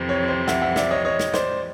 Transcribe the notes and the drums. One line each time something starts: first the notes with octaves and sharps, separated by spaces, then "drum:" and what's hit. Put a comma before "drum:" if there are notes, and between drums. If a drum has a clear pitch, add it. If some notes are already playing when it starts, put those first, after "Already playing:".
Already playing: F2 C3 E3
C#5
C5
E5 F#5, drum: snare
E5 F#5
D5 E5, drum: snare
C#5 D#5
C#5 D#5
drum: snare
C5 D5, drum: snare